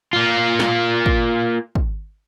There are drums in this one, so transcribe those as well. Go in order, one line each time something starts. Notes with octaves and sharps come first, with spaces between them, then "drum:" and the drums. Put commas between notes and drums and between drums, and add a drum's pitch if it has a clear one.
A#3 F4
drum: snare
drum: kick
drum: kick